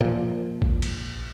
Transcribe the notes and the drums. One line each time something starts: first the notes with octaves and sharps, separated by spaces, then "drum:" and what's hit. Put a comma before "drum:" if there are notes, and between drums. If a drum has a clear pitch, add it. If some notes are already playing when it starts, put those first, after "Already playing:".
A#2 F3
drum: kick A1
drum: cymbal